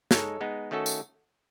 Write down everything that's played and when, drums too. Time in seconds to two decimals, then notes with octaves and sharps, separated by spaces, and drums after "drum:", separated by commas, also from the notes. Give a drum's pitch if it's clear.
0.11 G#3 D#4 A4 C#5, drum: snare
0.41 G#3 B3 D#4
0.71 D#3 A3 C#4 F#4 A4
0.86 drum: tambourine